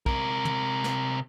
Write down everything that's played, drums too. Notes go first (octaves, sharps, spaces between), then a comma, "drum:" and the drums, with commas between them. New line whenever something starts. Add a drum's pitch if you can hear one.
C3 A#4, drum: kick
drum: tom
drum: snare